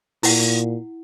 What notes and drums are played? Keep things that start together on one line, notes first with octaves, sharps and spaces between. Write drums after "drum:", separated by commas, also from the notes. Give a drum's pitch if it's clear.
A#2 E4 F#5, drum: open hi-hat